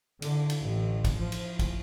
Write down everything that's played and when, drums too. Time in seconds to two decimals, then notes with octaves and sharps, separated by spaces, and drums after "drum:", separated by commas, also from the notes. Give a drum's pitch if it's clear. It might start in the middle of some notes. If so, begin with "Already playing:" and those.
0.22 D3, drum: cymbal
0.50 drum: cymbal
0.61 A1
1.04 drum: kick, cymbal
1.19 F3
1.32 drum: cymbal
1.59 drum: kick, cymbal